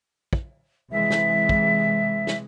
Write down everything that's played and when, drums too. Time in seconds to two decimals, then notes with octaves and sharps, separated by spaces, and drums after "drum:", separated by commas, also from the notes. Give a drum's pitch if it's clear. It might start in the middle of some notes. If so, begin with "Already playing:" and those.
0.33 drum: kick
0.91 C3 E3 G#3 E5
1.10 drum: snare
1.49 drum: kick
2.27 drum: snare